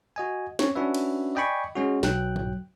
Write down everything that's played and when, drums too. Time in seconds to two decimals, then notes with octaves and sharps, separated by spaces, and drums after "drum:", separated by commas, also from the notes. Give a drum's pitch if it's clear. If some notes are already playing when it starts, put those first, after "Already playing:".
0.16 F#4 D#5 G#5
0.59 C4 C#4 C#5, drum: snare
0.75 C#4 D4 F#4 B4 E5
0.94 drum: cymbal
1.35 D5 D#5 G5 G#5 B5 C#6
1.76 G#3 C#4 F#4
2.03 B1 F#3 G5 F#6, drum: snare
2.36 drum: tom G2